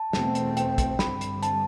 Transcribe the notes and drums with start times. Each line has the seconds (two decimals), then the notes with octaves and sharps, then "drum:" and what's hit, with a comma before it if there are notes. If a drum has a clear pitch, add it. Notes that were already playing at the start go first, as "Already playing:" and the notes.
Already playing: A5
0.13 E2 B2 A3 C4, drum: snare
0.35 drum: hi-hat
0.57 G5, drum: hi-hat
0.78 drum: kick, hi-hat
0.99 G2 D3 G3 C4 B5, drum: snare
1.21 drum: hi-hat
1.43 A5, drum: hi-hat